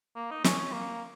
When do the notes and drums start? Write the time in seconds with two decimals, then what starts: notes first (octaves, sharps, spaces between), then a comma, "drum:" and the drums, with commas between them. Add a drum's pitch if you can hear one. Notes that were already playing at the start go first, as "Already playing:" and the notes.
0.16 A#3
0.31 D#4
0.44 C#4, drum: snare
0.59 C#4
0.73 A#3